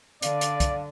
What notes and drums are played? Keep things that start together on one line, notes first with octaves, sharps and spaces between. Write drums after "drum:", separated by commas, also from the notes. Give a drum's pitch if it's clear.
D3 D5 F5, drum: hi-hat
drum: hi-hat
drum: kick, hi-hat